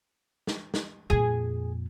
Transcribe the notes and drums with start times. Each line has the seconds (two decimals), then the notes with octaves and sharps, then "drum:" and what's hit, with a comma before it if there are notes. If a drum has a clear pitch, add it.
0.47 drum: snare
0.74 drum: snare
1.10 F2 A#2 G#4